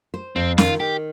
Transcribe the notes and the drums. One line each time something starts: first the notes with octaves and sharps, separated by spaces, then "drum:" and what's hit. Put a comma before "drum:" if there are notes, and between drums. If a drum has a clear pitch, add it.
C5
F2 C4
D#3 F4, drum: snare
D#3 G4